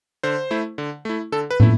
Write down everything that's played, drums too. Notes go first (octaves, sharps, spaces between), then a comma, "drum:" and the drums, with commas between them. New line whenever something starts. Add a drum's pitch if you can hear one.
D3 C5
A3 E4
D3
A3 E4
D3 A4
B4
A3 E4, drum: tom